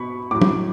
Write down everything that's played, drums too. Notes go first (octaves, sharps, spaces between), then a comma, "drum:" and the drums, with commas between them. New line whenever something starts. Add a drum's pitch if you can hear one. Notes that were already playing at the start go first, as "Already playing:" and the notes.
Already playing: B2 B5 C#6
A2 F#3 D6
drum: tom